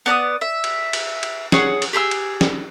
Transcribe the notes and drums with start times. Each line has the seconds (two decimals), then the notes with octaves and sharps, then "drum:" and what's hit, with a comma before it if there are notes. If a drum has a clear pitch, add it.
0.06 B3 D5 A#5 D#6
0.41 E5
0.64 drum: cymbal
0.93 drum: cymbal
1.23 drum: cymbal
1.52 G#4 C#5 F#5, drum: snare
1.82 drum: cymbal
1.93 G4 G#4 B5 E6
2.11 drum: cymbal
2.41 drum: snare